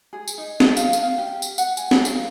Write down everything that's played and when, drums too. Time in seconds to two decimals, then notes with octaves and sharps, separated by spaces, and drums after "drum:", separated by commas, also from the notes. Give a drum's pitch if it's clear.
0.13 G#4
0.28 drum: tambourine
0.38 D#4
0.60 drum: snare
0.77 F5, drum: tambourine
0.93 drum: tambourine
1.02 F5
1.18 G4
1.42 drum: tambourine
1.58 F#5, drum: tambourine
1.77 G#5, drum: tambourine
1.91 drum: snare
2.05 F5, drum: tambourine